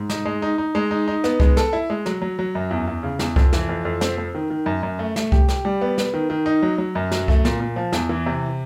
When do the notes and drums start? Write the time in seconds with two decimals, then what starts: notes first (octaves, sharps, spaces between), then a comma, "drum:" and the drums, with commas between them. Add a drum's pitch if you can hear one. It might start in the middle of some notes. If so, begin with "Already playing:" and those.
Already playing: G#2
0.10 D#4, drum: snare
0.25 G#3
0.42 D#4
0.58 D#4
0.75 G#3
0.91 D#4
1.08 D#4
1.24 B3, drum: snare
1.40 G#3, drum: kick C2
1.57 A4, drum: snare
1.73 E4
1.90 G#3
2.06 F#3, drum: snare
2.22 F#3
2.39 F#3
2.55 F#2
2.71 E2
2.88 E2
3.03 C#3
3.19 E2, drum: snare
3.36 F2, drum: kick C2
3.53 E3, drum: snare
3.69 F2
3.85 F2
4.01 C4, drum: snare
4.18 C4
4.35 D#3
4.50 D#3
4.66 F#2
4.83 F#2
4.99 A3
5.16 A3, drum: snare
5.32 G4, drum: kick C2
5.48 G4, drum: snare
5.65 G3
5.81 B3
5.98 B3, drum: snare
6.14 D#3
6.30 D#3
6.46 D#4
6.63 F#3
6.78 F#3
6.95 F#2
7.12 F#3, drum: snare
7.28 A3, drum: kick C2
7.45 A#2, drum: snare
7.60 A#2
7.76 F3
7.92 E2, drum: snare
8.09 E3
8.26 C3